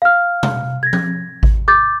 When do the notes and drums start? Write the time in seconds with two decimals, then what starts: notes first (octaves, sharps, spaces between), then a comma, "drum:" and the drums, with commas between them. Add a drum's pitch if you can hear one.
0.02 F5 F6
0.43 drum: tom B2
0.83 G#6 A#6
0.93 drum: tom F3
1.43 drum: kick G#1
1.68 D6 G6 A6